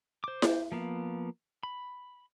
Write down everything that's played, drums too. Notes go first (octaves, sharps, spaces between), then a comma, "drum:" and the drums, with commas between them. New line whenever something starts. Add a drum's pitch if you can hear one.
C5 D6
drum: snare E4
F3 A#3 B3
B5